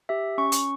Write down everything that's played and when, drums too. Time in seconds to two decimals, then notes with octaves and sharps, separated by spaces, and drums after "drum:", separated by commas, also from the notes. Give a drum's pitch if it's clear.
0.09 G4 E5
0.38 C#4 C#6
0.52 drum: hi-hat